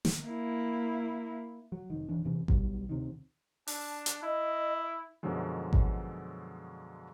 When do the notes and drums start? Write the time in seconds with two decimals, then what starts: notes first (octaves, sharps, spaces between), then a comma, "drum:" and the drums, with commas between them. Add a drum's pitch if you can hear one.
0.05 drum: snare
0.24 A#3 E4
1.72 F#3
1.90 F1 D#3
2.09 E1 E3 D4
2.24 E2 C3 E3 C#4
2.48 B1 B2 F#3 G3, drum: kick G#1
2.89 D2 C3 D#3
3.67 D4 A5, drum: open hi-hat
4.06 drum: hi-hat
4.23 E4 D#5
5.23 F#2 B2 D3 F3 F#3 G#3
5.73 drum: kick G#1